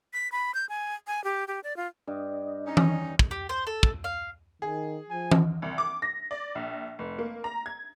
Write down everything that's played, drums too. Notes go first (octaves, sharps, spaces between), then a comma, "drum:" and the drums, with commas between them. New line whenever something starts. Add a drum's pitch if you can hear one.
B6
B5
G6
G#5
G#5
G4
G4
D5
F4
G2 D4 D#5
C#4 D#4
drum: tom E3
drum: kick
G4
C5
A4
drum: kick
F5
D#3 G#4
F3 G#5
drum: tom E3
C2
D6
A#6
D5
A#1
F1
A#3
A#5
G#6